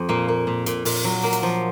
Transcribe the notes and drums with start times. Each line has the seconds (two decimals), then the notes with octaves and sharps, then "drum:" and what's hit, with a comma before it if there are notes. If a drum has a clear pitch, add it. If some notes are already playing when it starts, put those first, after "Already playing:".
Already playing: F2
0.09 A#2 A#3
0.28 A#3
0.47 A#2
0.66 A#2, drum: hi-hat
0.85 A#2, drum: open hi-hat
1.04 F#3
1.23 A#3
1.33 drum: hi-hat
1.43 F3